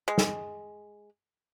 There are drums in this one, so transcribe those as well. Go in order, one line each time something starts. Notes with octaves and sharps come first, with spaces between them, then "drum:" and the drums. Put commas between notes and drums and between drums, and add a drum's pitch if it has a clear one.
G#3
drum: snare